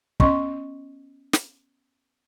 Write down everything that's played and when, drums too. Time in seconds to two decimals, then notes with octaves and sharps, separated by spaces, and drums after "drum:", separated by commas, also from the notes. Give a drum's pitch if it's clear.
0.20 B3 C#4 D#5 C6 C#6, drum: kick
1.33 drum: snare